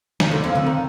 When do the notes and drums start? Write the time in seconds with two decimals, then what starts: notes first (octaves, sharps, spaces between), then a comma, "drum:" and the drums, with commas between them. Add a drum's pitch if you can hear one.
0.20 D#2 D#3, drum: snare
0.31 D2 D3
0.44 F2 F3
0.55 D2 D3
0.66 D#3